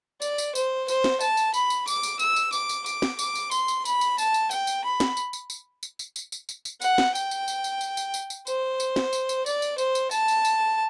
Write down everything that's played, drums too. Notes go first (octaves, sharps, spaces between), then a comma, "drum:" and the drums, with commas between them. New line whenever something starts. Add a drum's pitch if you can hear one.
D5, drum: tambourine
drum: tambourine
C5, drum: tambourine
C5, drum: tambourine
drum: snare
A5, drum: tambourine
drum: tambourine
B5, drum: tambourine
drum: tambourine
D6, drum: tambourine
drum: tambourine
E6, drum: tambourine
drum: tambourine
D6, drum: tambourine
drum: tambourine
D6, drum: tambourine
drum: snare
D6, drum: tambourine
drum: tambourine
C6, drum: tambourine
drum: tambourine
B5, drum: tambourine
drum: tambourine
A5, drum: tambourine
drum: tambourine
G5, drum: tambourine
drum: tambourine
B5
drum: snare
drum: tambourine
drum: tambourine
drum: tambourine
drum: tambourine
drum: tambourine
drum: tambourine
drum: tambourine
drum: tambourine
drum: tambourine
F#5, drum: tambourine
drum: snare
G5, drum: tambourine
drum: tambourine
drum: tambourine
drum: tambourine
drum: tambourine
drum: tambourine
drum: tambourine
drum: tambourine
C5, drum: tambourine
drum: tambourine
drum: snare
drum: tambourine
drum: tambourine
D5, drum: tambourine
drum: tambourine
C5, drum: tambourine
drum: tambourine
A5, drum: tambourine
drum: tambourine
drum: tambourine